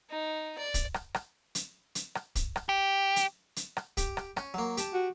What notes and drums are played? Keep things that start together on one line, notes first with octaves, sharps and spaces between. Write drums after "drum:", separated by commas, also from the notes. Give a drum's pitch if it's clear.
D#4
D5
drum: kick, hi-hat
drum: rim click
drum: rim click
drum: hi-hat
drum: hi-hat
drum: rim click
drum: kick, hi-hat
drum: rim click
G4
drum: hi-hat
drum: hi-hat
drum: rim click
G4, drum: kick, hi-hat
drum: rim click
C#4, drum: rim click
F#3 A#3
G4 A5, drum: hi-hat
F#4